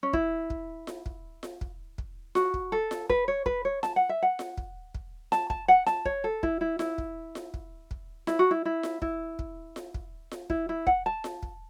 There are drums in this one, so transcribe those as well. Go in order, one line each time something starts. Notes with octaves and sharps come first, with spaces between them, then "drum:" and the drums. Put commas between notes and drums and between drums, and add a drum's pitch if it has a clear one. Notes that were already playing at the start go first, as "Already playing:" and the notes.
C#4
E4, drum: kick
drum: kick
drum: snare F4
drum: kick
drum: snare F4
drum: kick
drum: kick
F#4, drum: snare F4
drum: kick
A4
drum: snare F4
B4, drum: kick
C#5
B4, drum: kick
C#5
A5, drum: snare F4
F#5
E5
F#5
drum: snare F4
drum: kick
drum: kick
A5, drum: snare F4
A5, drum: kick
F#5
A5, drum: snare F4
C#5, drum: kick
A4
E4, drum: kick
E4
E4, drum: snare F4
drum: kick
drum: snare F4
drum: kick
drum: kick
E4, drum: snare F4
F#4
E4
E4
drum: snare F4
E4, drum: kick
drum: kick
drum: snare F4
drum: kick
drum: snare F4
E4, drum: kick
E4
F#5, drum: kick
A5
drum: snare F4
drum: kick